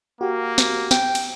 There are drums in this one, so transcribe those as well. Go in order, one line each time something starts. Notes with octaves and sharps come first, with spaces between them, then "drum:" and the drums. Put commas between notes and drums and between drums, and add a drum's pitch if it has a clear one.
A#3 F#4 G4
drum: snare
G5, drum: snare
drum: cymbal